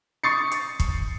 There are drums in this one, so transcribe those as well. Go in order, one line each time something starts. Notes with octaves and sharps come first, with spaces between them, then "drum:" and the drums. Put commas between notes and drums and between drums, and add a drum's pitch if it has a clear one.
C#6 D#6 A6 C7 C#7
drum: hi-hat
drum: kick, hi-hat